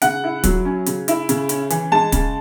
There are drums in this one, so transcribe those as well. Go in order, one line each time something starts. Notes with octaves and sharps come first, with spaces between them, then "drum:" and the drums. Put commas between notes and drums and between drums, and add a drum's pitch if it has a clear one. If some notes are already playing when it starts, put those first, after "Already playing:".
C#3 F#5, drum: hi-hat
E4
F#3, drum: kick, hi-hat
C#4
C#3, drum: hi-hat
E4, drum: hi-hat
C#3, drum: hi-hat
C#4, drum: hi-hat
E3, drum: hi-hat
G#3 A5
C#3, drum: kick, hi-hat